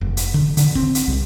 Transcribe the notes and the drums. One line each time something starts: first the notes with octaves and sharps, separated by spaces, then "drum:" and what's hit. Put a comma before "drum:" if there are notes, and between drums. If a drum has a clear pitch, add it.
F1
drum: hi-hat
D3, drum: kick
D3, drum: hi-hat
C4, drum: kick
drum: hi-hat
C2